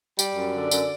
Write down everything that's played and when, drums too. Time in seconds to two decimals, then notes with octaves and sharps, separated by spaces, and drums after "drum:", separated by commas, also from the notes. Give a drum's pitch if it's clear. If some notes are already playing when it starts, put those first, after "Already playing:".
0.19 G3 D5, drum: tambourine
0.36 F#2
0.54 D3
0.71 F#2, drum: tambourine